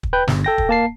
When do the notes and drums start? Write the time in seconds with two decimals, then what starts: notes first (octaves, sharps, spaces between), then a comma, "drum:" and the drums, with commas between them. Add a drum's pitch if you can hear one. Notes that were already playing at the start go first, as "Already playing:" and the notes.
0.03 drum: kick
0.13 B4 G5 G6
0.28 G1, drum: snare
0.44 A4 G5 A#6
0.58 drum: kick
0.69 A#3 A5 C7